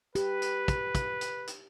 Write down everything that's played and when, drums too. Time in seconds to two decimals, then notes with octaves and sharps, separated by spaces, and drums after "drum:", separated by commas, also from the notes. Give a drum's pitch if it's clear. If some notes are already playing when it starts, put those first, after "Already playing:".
0.15 G4 B4, drum: hi-hat
0.42 drum: hi-hat
0.68 drum: kick, hi-hat
0.95 drum: kick, hi-hat
1.21 drum: hi-hat
1.47 drum: hi-hat